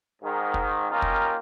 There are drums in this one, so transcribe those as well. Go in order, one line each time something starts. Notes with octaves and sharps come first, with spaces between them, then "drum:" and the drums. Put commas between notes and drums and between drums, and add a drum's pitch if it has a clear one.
G#2 D#3
drum: kick
A#3 C#4 D#4 F4 G4 A#4
drum: kick